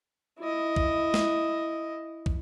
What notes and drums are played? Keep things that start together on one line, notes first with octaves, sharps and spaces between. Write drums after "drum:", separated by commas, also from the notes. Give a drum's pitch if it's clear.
E4 D#5
drum: kick
drum: snare
drum: kick